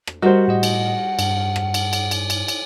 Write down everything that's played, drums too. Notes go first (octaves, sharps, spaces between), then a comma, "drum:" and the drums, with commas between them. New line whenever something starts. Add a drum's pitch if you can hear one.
drum: rim click
G3 F#4 A#4 C5 D#5 F#5
A2 G4 D#5
drum: cymbal
G2, drum: cymbal
drum: rim click
drum: cymbal
drum: cymbal
drum: cymbal
drum: cymbal
drum: cymbal